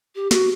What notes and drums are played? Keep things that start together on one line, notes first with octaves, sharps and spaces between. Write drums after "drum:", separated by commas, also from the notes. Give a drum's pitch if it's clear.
G4
F#4, drum: snare